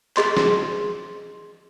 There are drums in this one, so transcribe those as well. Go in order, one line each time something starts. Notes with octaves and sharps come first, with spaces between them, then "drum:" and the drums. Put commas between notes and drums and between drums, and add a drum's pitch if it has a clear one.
G#4 D#5 C6, drum: clap
drum: snare